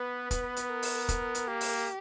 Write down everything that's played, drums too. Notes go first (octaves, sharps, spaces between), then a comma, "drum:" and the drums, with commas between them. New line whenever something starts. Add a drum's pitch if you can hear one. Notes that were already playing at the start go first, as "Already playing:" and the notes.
Already playing: B3 B4
B3, drum: kick, hi-hat
drum: hi-hat
A#4
drum: open hi-hat
drum: kick, hi-hat
drum: hi-hat
A#3 G4
drum: open hi-hat